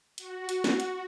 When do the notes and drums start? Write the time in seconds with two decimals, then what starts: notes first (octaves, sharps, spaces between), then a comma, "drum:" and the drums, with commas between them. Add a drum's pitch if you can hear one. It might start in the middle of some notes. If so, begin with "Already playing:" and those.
0.18 F#4, drum: hi-hat
0.49 drum: hi-hat
0.64 drum: snare
0.80 drum: hi-hat